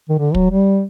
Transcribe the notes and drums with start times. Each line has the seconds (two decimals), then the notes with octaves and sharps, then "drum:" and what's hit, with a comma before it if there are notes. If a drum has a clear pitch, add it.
0.09 D#3
0.19 D3
0.35 F#3, drum: kick
0.50 G3